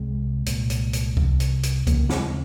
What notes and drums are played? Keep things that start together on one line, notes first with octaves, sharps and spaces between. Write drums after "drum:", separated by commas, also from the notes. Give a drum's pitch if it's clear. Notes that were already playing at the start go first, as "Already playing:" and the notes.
Already playing: C2 C3 G#3
C2 A#2, drum: hi-hat
drum: hi-hat
drum: hi-hat
C2 C3, drum: kick C2
drum: hi-hat
drum: hi-hat
D#2 C#3 A#3, drum: kick C2, hi-hat
C4, drum: snare